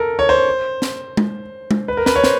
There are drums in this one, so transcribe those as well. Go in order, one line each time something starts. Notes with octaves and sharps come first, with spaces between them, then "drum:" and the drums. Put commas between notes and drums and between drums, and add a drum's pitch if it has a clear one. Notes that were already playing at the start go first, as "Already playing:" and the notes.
Already playing: A4 A#4
C#5
C5
drum: snare
drum: tom G#3
drum: tom G#3
B4
A#4
B4, drum: snare
C#5
C5, drum: snare